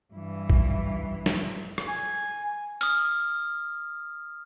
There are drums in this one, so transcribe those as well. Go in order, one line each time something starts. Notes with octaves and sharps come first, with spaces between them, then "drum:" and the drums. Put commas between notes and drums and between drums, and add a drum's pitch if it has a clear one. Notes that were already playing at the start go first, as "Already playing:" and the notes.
G2 E3
drum: kick A1
drum: snare
drum: rim click
G#5
D#6 F6, drum: hi-hat